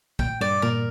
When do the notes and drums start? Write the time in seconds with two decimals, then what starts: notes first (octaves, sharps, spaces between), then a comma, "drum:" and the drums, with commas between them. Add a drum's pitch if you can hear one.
0.19 A#2 G5, drum: kick
0.41 G2 D5
0.62 A#2 A#4